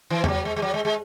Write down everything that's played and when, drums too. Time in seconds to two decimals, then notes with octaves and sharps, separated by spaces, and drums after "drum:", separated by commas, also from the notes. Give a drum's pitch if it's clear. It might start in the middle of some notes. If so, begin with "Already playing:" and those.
0.10 E3
0.24 G#3, drum: tom E2
0.28 F#3
0.45 G#3
0.56 G#3
0.62 F#3
0.74 G#3
0.85 G#3